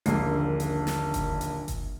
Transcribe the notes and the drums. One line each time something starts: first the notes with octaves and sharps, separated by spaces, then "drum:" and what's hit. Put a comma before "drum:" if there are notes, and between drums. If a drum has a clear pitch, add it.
D#1 A#1 D3 A#3 C7, drum: hi-hat
drum: hi-hat
drum: snare
drum: kick F#1, hi-hat
drum: hi-hat
drum: kick F#1, hi-hat